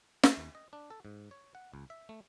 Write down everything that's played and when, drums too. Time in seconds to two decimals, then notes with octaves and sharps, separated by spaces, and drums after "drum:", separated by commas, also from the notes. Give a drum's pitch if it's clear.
0.23 A3, drum: snare
0.37 D#2
0.55 D#5
0.73 D4
0.90 A4
1.05 G#2
1.31 C#5
1.55 F#5
1.74 C#2
1.90 E5
2.09 A3